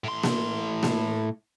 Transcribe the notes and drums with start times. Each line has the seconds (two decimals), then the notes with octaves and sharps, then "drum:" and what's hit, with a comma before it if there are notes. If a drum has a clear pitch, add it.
0.04 A2 C6
0.23 drum: snare A#3
0.83 drum: snare A#3